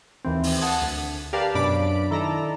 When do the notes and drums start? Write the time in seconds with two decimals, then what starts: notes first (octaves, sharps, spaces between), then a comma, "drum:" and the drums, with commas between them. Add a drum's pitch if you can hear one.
0.25 D#2 E3 C4
0.43 drum: open hi-hat
0.61 F#5 A5 D#6 G#6
0.82 D2
1.33 G4 A#4 B4 D5 F5 A5
1.55 F#2 B2 D4 D5 B5 D7
2.11 D#3 E4 A4 D5 A#5